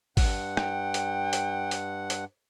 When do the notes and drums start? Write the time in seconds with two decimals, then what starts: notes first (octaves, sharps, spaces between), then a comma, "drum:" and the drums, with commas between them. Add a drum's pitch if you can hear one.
0.17 G2 F#5, drum: kick G#1, open hi-hat
0.57 G5, drum: rim click
0.94 drum: hi-hat
1.33 drum: hi-hat
1.71 drum: hi-hat
2.10 drum: hi-hat